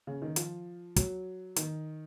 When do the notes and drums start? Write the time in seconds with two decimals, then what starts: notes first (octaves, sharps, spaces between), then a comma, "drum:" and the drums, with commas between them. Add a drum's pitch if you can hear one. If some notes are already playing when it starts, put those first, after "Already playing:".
0.07 C#3
0.22 D#3
0.36 F3, drum: hi-hat
0.96 F#3, drum: kick, hi-hat
1.56 D#3, drum: hi-hat